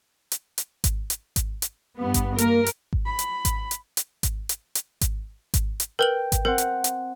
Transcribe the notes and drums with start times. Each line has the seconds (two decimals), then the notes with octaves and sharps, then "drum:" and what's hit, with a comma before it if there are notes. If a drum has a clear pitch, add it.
0.32 drum: hi-hat
0.58 drum: hi-hat
0.84 drum: kick G#1, hi-hat
1.10 drum: hi-hat
1.36 drum: kick G#1, hi-hat
1.62 drum: hi-hat
1.97 G2 B3
2.14 drum: kick G#1, hi-hat
2.38 A#3 A#4, drum: hi-hat
2.66 drum: hi-hat
2.93 drum: kick G#1
3.06 B5
3.19 drum: hi-hat
3.45 drum: kick G#1, hi-hat
3.71 drum: hi-hat
3.97 drum: hi-hat
4.23 drum: kick G#1, hi-hat
4.49 drum: hi-hat
4.75 drum: hi-hat
5.01 drum: kick G#1, hi-hat
5.54 drum: kick G#1, hi-hat
5.80 drum: hi-hat
5.99 A#4 B4 G5 F#7
6.32 drum: kick G#1, hi-hat
6.45 C4 A#4 F#5
6.58 drum: hi-hat
6.84 drum: hi-hat